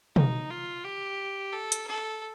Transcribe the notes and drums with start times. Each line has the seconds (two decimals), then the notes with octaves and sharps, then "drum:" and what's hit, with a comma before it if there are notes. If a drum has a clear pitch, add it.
0.16 D#4, drum: tom
0.50 F4
0.84 G4
1.53 A4
1.72 drum: hi-hat
1.87 A4